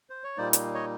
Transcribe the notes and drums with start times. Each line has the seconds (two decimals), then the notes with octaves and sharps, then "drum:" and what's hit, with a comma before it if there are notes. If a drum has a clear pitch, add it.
0.10 C5
0.24 C#5
0.37 A#2 G3 A#3 D#4 C5 D5
0.53 drum: hi-hat
0.74 C#5 D#5